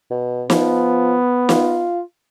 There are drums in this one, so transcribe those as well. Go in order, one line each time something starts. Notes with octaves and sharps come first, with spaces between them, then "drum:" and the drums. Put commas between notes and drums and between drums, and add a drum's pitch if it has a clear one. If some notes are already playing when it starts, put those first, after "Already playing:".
B2
F3 B3, drum: snare
F4, drum: snare